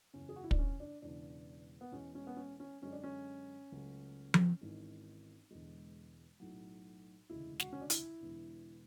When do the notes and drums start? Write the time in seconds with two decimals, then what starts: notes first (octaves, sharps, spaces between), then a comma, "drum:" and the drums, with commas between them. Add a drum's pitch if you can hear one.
0.13 F#1 E2 C#3 C#4
0.29 G#4
0.36 F#4
0.44 E4
0.51 D4, drum: kick
0.59 C#4
0.80 D4
1.02 E1 E2 C#3 D4
1.81 B3
1.92 E1 E2 B2 G#3 C#4
2.15 C#4
2.27 B3
2.37 C#4
2.60 C#4
2.82 F#2 D3 G#3 C#4
2.93 D4
3.04 C#4
3.72 C#2 C#3 F#3 A3
4.34 drum: tom F3
4.61 G#1 G#2 E3 G#3
5.51 E1 E2 D3 G#3
6.40 B1 A2 F#3
7.30 E1 D2 C#3 G#3 E4
7.60 F#4, drum: snare
7.73 C#4
7.81 D4
7.90 E4, drum: hi-hat
8.20 E1 E2 D3